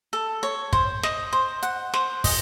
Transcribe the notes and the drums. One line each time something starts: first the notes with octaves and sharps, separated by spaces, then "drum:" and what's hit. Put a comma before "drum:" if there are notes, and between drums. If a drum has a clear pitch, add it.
A4
C#5
C5, drum: kick
D#5, drum: snare
C5
F#5, drum: hi-hat
C5, drum: snare
D#5, drum: kick, open hi-hat